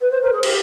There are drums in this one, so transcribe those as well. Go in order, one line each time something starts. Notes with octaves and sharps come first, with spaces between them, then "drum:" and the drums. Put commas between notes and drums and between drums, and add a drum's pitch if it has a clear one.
B4
C5
A#4
G#4
G4, drum: cymbal